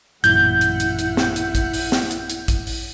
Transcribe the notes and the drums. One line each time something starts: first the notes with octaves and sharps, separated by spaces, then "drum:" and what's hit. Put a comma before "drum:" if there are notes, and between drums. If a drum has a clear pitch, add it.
A1 F#2 A#2 E4 F#5 G6, drum: hi-hat
drum: hi-hat
drum: hi-hat
drum: hi-hat
drum: snare
drum: hi-hat
drum: kick, hi-hat
drum: open hi-hat
drum: snare
drum: hi-hat
drum: hi-hat
drum: kick, hi-hat
drum: open hi-hat